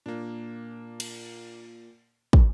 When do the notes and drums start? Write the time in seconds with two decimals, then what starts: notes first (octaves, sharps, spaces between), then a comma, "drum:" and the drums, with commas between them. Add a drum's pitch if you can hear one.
0.06 A#2 A#3 D4
1.00 drum: cymbal
2.33 drum: kick